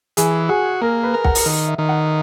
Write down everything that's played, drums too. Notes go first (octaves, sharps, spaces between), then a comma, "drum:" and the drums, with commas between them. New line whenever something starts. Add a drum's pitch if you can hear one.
E3 G#4, drum: hi-hat
F#4 G#4
A#3 A#4
B4
A#4
F#5, drum: kick
drum: open hi-hat
D#3
E5
D#3
F#5